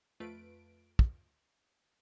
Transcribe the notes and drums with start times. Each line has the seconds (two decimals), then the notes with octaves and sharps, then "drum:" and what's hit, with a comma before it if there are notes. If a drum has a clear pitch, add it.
0.20 F2 A3 F4 B4 D7
0.99 drum: kick